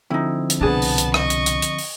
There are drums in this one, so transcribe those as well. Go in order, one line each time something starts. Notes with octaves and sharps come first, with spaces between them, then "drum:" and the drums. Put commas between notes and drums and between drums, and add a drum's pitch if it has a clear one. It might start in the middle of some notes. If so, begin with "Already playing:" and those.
D3 F3 C4 D#4 E4
drum: hi-hat
C2 B2 B3 D4 G#4 A5
drum: open hi-hat
drum: hi-hat
D#5 C#6, drum: rim click
drum: hi-hat
drum: hi-hat
drum: hi-hat
drum: open hi-hat